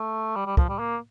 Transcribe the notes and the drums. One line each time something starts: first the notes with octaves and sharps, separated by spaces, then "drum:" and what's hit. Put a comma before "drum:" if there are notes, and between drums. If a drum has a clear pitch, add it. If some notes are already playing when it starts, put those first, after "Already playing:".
Already playing: A3
G3
G3
F3, drum: kick
G3
A#3